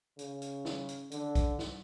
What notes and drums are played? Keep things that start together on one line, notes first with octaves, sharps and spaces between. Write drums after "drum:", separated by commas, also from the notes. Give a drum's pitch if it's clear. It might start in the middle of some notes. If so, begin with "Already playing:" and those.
C#3, drum: hi-hat
drum: hi-hat
drum: snare
drum: hi-hat
D3, drum: hi-hat
drum: kick B1, hi-hat
drum: snare